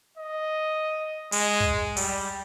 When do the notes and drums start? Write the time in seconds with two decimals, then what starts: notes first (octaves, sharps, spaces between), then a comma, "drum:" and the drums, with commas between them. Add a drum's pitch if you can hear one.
0.18 D#5
1.32 G#3, drum: open hi-hat
1.60 drum: kick
1.97 G3, drum: open hi-hat